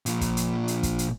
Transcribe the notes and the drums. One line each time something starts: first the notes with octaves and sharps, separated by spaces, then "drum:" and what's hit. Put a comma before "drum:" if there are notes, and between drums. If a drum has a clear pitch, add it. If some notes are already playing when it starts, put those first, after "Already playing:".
A#2 F3, drum: hi-hat
drum: kick, hi-hat
drum: hi-hat
drum: hi-hat
drum: kick, hi-hat
drum: hi-hat